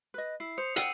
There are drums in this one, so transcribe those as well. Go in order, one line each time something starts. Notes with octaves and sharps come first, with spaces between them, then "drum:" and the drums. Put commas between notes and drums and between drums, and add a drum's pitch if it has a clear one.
B4 D#5
E4 C7
C5 D#6 C#7
F#5 G5 E6 C7 D#7, drum: hi-hat